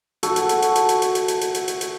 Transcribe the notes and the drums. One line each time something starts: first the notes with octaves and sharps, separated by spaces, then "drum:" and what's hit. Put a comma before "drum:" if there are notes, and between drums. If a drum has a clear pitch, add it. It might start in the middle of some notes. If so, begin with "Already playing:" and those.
F#4 A4, drum: hi-hat
drum: hi-hat
drum: hi-hat
drum: hi-hat
drum: hi-hat
drum: hi-hat
drum: hi-hat
drum: hi-hat
drum: hi-hat
drum: hi-hat
drum: hi-hat
drum: hi-hat
drum: hi-hat